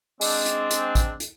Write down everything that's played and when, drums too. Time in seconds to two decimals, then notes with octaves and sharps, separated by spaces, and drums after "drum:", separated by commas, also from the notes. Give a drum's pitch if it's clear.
0.21 G#3 C4 D4, drum: open hi-hat
0.46 drum: hi-hat
0.71 drum: hi-hat
0.95 drum: kick A1, hi-hat
1.20 drum: hi-hat